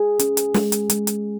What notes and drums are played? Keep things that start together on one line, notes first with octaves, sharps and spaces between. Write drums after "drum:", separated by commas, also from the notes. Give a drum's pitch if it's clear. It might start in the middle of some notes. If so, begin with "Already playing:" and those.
Already playing: G#4
C#4, drum: hi-hat
drum: hi-hat
G#3, drum: snare
drum: hi-hat
G#3, drum: hi-hat
drum: hi-hat